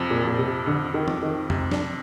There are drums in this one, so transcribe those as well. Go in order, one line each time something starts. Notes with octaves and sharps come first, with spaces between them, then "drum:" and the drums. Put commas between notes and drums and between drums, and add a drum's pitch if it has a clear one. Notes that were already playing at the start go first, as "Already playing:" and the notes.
Already playing: F2 C3 F3
A#2
F2 A#2
C3
F2 D3
D#3
F2, drum: tom
D#3
C3, drum: tom F2
D4, drum: snare